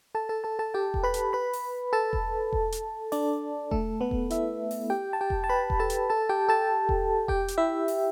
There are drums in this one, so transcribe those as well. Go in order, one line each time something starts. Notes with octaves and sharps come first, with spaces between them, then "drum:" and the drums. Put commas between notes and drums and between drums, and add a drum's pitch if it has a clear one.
A4 A5
A4 A5
A4 A5
A4 A5
G4 G5
drum: kick E1
B4 B5
drum: hi-hat
B4 B5
drum: open hi-hat
A4 A5
drum: kick E1
drum: kick E1
drum: hi-hat
D4 D5, drum: open hi-hat
A3 A4, drum: kick E1
B3 B4
drum: kick E1
E4 E5, drum: hi-hat
drum: open hi-hat
G4 G5
A5
G4 G5
drum: kick E1
A5
B4 B5
drum: kick E1
A4 A5
drum: hi-hat
A4 A5
G4 G5
A4 A5
drum: kick E1
G4 G5, drum: kick E1
drum: hi-hat
E4 E5
drum: open hi-hat